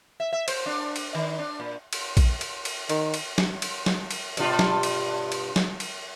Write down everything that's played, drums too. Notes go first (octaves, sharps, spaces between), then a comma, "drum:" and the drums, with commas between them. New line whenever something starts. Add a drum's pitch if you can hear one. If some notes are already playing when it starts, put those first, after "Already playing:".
E5
E5
C5, drum: cymbal
D4
drum: cymbal
D#3
D4
A#2
drum: cymbal
drum: kick A#1, cymbal
drum: cymbal
drum: cymbal
D#3, drum: cymbal
drum: cymbal
drum: snare
drum: cymbal
drum: snare
drum: cymbal
G2 B2 F4, drum: cymbal
drum: snare
drum: cymbal
drum: cymbal
drum: snare
drum: cymbal